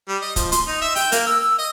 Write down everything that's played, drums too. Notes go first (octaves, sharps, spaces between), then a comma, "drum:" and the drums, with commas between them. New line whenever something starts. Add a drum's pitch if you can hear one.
G3
D#5
F3, drum: kick, hi-hat
C6, drum: hi-hat
D#4
E5
G5, drum: open hi-hat
A#3, drum: hi-hat
E6
E6
D#5